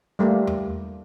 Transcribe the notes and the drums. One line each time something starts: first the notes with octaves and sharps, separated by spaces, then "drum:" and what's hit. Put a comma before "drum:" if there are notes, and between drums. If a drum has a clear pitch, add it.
G3 A3 A#3
drum: tom E2